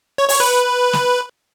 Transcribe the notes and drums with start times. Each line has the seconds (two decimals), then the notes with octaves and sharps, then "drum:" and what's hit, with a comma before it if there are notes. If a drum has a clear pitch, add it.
0.18 C#5
0.29 C#5, drum: open hi-hat
0.40 B4
0.93 drum: snare